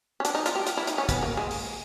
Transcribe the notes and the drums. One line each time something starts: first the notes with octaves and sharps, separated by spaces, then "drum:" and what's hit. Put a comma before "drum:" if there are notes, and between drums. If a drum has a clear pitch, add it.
C#4
D4, drum: hi-hat
D#4
F4, drum: hi-hat
G4
F4, drum: hi-hat
E4
D#4, drum: hi-hat
C#4
B3, drum: kick, hi-hat
A#3
G#3
drum: open hi-hat